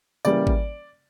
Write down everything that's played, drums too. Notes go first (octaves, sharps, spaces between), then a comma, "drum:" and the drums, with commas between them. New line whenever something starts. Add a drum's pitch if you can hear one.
C#3 E3 G3 A#3 D5, drum: tambourine
drum: kick G#1